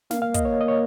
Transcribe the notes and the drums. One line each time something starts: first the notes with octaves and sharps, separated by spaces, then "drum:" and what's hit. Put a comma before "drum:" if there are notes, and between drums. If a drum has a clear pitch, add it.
A#3 F5, drum: snare
F5
D#5, drum: kick, hi-hat
C#5
D#5
C#5